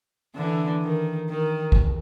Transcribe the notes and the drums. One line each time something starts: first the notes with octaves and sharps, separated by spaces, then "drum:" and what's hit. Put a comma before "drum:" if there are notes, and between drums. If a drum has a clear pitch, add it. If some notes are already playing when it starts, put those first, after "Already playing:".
D3 E3
D#3
D#3
drum: kick